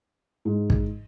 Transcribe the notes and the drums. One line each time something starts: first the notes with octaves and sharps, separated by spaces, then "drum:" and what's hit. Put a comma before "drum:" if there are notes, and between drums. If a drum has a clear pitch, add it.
G#2
drum: kick